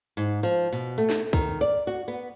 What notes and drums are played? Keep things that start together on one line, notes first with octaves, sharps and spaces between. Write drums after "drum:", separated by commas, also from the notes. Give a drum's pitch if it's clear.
G#2
F3
B2
A3
drum: snare
D#3, drum: kick
D5
F#4
B3